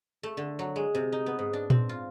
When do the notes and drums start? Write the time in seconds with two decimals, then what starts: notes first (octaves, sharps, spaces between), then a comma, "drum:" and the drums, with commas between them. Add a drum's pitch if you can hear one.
0.23 A3
0.37 D3
0.59 F#3
0.76 G#3
0.95 C3
1.12 D#4
1.26 B3
1.39 G#2
1.53 D4
1.70 C4, drum: tom A#2
1.89 F4